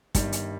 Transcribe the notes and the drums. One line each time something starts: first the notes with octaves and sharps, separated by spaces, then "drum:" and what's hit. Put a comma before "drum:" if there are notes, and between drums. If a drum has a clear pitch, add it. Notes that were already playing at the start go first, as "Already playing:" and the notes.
G1 G2 D#3 G3, drum: kick, hi-hat
drum: hi-hat